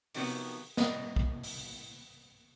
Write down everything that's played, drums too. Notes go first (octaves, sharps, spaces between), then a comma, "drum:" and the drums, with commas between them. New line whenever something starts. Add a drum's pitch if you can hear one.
C3 D#3 F3 F#3 B3, drum: open hi-hat
A2 D#5, drum: snare
drum: kick
drum: open hi-hat